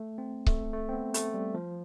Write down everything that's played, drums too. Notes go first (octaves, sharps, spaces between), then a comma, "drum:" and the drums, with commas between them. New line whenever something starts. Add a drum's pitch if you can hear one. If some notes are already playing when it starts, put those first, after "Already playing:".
Already playing: A3
C4
A3, drum: kick C#1
A3
C4
B3
A3, drum: hi-hat
G3
F3